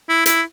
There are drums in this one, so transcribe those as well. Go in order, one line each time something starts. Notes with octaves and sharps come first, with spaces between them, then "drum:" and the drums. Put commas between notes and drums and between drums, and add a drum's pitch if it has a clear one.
E4
E4, drum: hi-hat